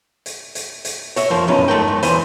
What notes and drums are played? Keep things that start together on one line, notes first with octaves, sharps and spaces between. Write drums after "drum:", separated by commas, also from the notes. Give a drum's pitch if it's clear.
drum: hi-hat
drum: hi-hat
drum: hi-hat
C#5 E5, drum: hi-hat
F2 F3 A#3
B1 B2 C#4 D#4
drum: tom
G#3 A3 A#4 G5
G#3
B1 E2 E3 C5 G#5, drum: hi-hat